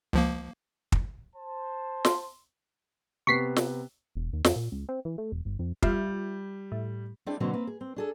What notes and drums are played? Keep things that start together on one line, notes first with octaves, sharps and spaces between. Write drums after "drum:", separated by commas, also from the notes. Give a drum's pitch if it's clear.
C#2 F3 A#3
drum: kick
C5 A5
C6, drum: snare
C3 B3 C#6 B6 C7
drum: snare
E1
D#2
F2, drum: snare
A#2
C#2
C4
E3
A3
E1
G1
F2
G3 F4 E5, drum: kick
A2
C4 D4 E4 G#4 D5 G5
B2 D3 F#3 A#3 C4
A#3 C4 B4
G#4
C4
D4 G#4 A4